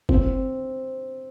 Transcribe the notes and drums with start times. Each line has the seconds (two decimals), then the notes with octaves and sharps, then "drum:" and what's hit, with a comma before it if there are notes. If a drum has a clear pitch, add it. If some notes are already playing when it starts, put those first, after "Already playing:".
0.09 C4, drum: kick F#1